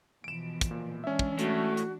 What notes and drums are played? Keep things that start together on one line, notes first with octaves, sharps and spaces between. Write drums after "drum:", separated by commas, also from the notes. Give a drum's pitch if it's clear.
B2 E3 F3 D7 E7
drum: kick, hi-hat
A#2
E3 G#3 C#4 D4 E5
drum: kick
A2 F#4, drum: hi-hat
drum: hi-hat